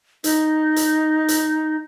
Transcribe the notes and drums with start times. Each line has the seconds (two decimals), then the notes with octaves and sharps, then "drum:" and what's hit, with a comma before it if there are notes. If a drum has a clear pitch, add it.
0.24 D#4, drum: hi-hat
0.76 drum: hi-hat
1.28 drum: hi-hat